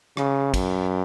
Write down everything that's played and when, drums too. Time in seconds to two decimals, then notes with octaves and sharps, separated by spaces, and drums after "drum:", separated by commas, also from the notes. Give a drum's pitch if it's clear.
0.17 C#3, drum: rim click
0.54 F#2, drum: kick, cymbal